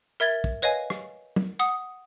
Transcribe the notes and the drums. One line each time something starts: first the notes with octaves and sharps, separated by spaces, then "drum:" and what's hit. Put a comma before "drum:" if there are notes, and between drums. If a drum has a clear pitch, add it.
A#4 E5 G#6 A6 G7
drum: kick
B4 C#5 D#5 F5 G#5
drum: rim click
drum: tom
F#5 D#6